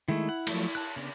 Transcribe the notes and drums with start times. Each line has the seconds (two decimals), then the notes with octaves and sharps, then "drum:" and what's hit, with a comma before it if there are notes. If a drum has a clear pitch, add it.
0.08 D#3 G#3 A3 E4
0.29 F#5
0.47 F3 F#3 A3, drum: cymbal
0.75 A5 F#6
0.96 C#3 B3 D4